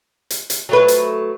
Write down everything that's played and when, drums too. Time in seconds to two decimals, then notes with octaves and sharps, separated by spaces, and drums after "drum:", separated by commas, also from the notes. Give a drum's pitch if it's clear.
0.30 drum: hi-hat
0.50 drum: hi-hat
0.69 F#3 A3 B4
0.88 drum: hi-hat